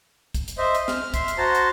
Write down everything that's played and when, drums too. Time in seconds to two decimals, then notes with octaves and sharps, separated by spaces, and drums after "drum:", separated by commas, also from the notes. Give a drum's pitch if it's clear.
0.34 drum: kick, hi-hat
0.48 drum: hi-hat
0.58 C5 D#5 E5
0.75 drum: hi-hat
0.88 F6, drum: snare
1.14 E5 C6, drum: kick, hi-hat
1.28 drum: hi-hat
1.38 F#4 C5 A5 A#5
1.55 drum: hi-hat